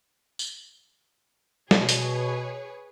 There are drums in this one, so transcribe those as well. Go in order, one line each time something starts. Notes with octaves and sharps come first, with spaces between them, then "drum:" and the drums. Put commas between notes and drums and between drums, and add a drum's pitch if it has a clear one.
drum: tambourine
B2 G#4 B4 C#5, drum: snare
drum: hi-hat